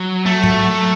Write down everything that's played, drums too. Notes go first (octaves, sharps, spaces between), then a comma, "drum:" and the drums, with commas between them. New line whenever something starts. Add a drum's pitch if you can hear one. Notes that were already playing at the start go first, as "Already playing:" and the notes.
Already playing: F#3
A3
drum: tom G#2
F#3